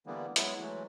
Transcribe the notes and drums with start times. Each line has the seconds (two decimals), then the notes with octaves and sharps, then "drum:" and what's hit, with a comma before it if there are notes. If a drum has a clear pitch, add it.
0.06 D3 E3 G3 A#3 B3
0.36 F#3 G#3 B3 E4, drum: hi-hat
0.59 E3 F#3 G#3 A3